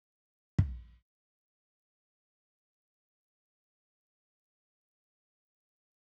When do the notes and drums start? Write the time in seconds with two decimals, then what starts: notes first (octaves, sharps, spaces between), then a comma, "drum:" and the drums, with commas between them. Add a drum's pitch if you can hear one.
0.11 E3
0.59 drum: kick
3.38 C3
4.85 B2
5.02 A2
5.18 A2